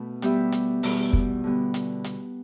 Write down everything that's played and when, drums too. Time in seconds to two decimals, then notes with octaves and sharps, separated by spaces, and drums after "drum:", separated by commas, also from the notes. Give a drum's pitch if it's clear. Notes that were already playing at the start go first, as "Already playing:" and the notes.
Already playing: B2 A3
0.22 G3 B3 G4 E5, drum: hi-hat
0.52 drum: hi-hat
0.83 E2 B2 G3, drum: open hi-hat
1.13 drum: kick
1.44 D3 G3 B3
1.74 drum: hi-hat
2.04 drum: hi-hat